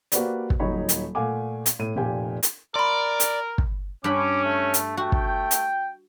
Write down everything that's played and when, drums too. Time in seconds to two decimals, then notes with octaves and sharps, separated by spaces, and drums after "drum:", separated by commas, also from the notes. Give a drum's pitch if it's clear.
0.12 A#3 F#4 G4 B4 C5 D5, drum: hi-hat
0.50 drum: kick
0.60 D#1 F#3 D#4 C#5 B5
0.89 drum: hi-hat
1.15 A#2 A3 F5 F#5 G#5 D6
1.66 drum: hi-hat
1.79 A2 D#7
1.96 F1 A#2 G4 A#4 G5 G#5
2.43 drum: hi-hat
2.76 A#4 D5 B5 C6
3.20 drum: hi-hat
3.58 drum: kick
4.04 G2 C#4 B5 D6
4.44 A3
4.74 drum: hi-hat
4.97 A3 F#4 G5
5.12 drum: kick
5.51 drum: hi-hat